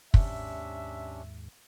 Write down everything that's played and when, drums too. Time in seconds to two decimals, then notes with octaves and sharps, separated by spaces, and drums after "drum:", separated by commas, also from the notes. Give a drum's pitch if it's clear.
0.14 D#2 G#2 C3 C#4 D4 E5, drum: kick